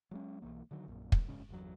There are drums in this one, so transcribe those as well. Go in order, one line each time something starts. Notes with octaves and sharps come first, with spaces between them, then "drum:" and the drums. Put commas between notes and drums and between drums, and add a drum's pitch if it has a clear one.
F#3 G#3 C#4
B1 F2 E3 A#3
D3 D#3 F#3
A#1 F#2 A#2
drum: kick
F#1 G#2 C#3
G1 E2 F#3